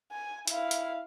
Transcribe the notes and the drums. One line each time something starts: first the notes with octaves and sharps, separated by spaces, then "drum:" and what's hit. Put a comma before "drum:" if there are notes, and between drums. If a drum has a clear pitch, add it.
G#5
E4 F5, drum: hi-hat
drum: hi-hat